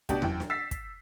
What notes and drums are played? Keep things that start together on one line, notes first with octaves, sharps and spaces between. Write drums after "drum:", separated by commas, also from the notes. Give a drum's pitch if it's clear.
B2 D4 G4, drum: kick, hi-hat
F#2 E3 G5, drum: tom E2
drum: snare D4
E6 A6 B6 C7
drum: kick, hi-hat